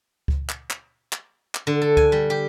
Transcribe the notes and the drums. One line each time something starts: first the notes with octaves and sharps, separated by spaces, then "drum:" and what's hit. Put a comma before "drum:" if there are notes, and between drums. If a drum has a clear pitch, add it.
drum: kick C#2
drum: clap
drum: clap
drum: clap
drum: clap
D3
A4
G#5, drum: kick C#2
G3
G4